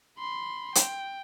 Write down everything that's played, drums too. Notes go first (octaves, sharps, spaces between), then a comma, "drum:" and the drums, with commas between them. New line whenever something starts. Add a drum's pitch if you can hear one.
B5 C6
G5, drum: hi-hat